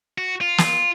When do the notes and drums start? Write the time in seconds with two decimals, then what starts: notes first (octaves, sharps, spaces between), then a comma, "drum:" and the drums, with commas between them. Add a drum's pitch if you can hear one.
0.18 F#4
0.41 F4
0.58 drum: snare